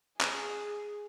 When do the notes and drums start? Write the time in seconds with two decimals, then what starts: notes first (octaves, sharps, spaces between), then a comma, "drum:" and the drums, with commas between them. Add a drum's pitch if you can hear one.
0.21 G#4, drum: clap